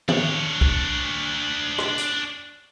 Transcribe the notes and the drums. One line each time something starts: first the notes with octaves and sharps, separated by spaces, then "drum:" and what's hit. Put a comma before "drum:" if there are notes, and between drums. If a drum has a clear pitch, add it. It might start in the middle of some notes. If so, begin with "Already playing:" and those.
D4 C#5, drum: tom D#3
drum: kick
drum: rim click
drum: hi-hat